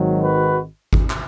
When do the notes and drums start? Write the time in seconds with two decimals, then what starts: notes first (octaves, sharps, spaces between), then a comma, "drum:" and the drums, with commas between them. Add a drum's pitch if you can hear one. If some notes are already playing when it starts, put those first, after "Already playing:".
Already playing: G#1 G#2 D#3 F#3
0.22 F#4 B4
0.93 drum: kick G#1
1.10 drum: clap